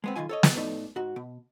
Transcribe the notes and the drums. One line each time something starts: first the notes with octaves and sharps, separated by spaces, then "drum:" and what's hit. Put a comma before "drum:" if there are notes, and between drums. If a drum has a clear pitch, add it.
G#3 B3 C4
B1 G#2 D#3 F4 G#5
A4 C#5 D#5
drum: snare
A2 A3 D#4 D5
G#2 F#4
B2